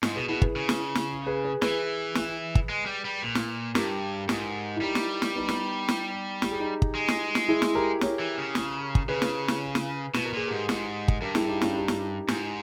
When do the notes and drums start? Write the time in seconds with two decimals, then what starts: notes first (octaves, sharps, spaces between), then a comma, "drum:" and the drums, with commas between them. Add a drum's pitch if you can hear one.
0.03 G#2, drum: snare
0.15 B2 G#4 B4
0.29 B2 E4 G#4
0.42 G#4 B4, drum: kick
0.56 C#3
0.69 drum: snare
0.95 drum: snare
1.26 G#4 B4
1.44 G#4 B4
1.62 E3 G#4 B4, drum: snare
2.15 drum: snare
2.55 drum: kick
2.69 G#3
2.86 G3
3.05 G3
3.23 A#2
3.35 drum: snare
3.75 G2 G4 A#4, drum: snare
4.29 G#2, drum: snare
4.76 E4
4.81 G3 D#4 G4
4.95 drum: snare
5.22 drum: snare
5.35 B3 D#4
5.49 drum: snare
5.89 drum: snare
6.42 G4, drum: snare
6.51 G#4
6.60 D#4 G4
6.82 drum: kick
6.95 G#3
7.08 drum: snare
7.35 drum: snare
7.48 E4 G#4
7.62 drum: snare
7.75 G4 A#4
8.01 A#4 C#5, drum: snare
8.19 E3
8.38 C#3
8.55 drum: snare
8.95 drum: kick
9.08 C#3 G#4 B4
9.22 drum: snare
9.48 drum: snare
9.75 drum: snare
10.14 B2 B4, drum: snare
10.25 A#4
10.33 A#2 G#4
10.48 G#2 G4 A#4
10.69 G#2, drum: snare
11.08 drum: kick
11.21 G2 G4 A#4
11.35 E4 G#4, drum: snare
11.48 D#4 G4
11.62 C#4 E4, drum: snare
11.75 D#4 G4
11.88 drum: snare
12.28 G#2, drum: snare